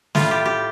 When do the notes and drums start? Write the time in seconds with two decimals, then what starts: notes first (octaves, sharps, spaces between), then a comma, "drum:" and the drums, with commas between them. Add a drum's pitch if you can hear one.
0.15 A2 G3 F4, drum: snare
0.31 G4
0.45 G4